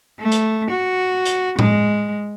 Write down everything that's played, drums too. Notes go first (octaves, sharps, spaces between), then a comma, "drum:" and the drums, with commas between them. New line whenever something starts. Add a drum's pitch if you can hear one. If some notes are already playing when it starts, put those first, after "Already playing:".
A3
drum: hi-hat
F#4
drum: hi-hat
G#3, drum: tom A2